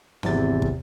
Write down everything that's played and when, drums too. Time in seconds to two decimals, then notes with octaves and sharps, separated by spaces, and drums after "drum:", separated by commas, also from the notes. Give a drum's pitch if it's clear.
0.23 G#1 E2 C3 A6, drum: snare
0.62 drum: kick